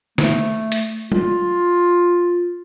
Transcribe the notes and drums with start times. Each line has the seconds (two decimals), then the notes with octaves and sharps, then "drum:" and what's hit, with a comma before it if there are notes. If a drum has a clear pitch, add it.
0.18 A3, drum: snare
0.72 drum: hi-hat
1.12 F4, drum: tom